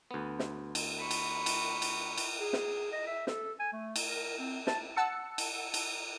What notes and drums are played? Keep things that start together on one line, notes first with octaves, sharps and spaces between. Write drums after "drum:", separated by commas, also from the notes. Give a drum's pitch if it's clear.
D2 B3
drum: snare
drum: cymbal
B5 C#6
drum: cymbal
drum: cymbal
drum: cymbal
drum: cymbal
G#4
drum: snare
D#5
E5
A4, drum: snare
G#5
A3
drum: cymbal
A#4
C4
A5, drum: snare
F#5 A5 E6 C#7
drum: cymbal
drum: cymbal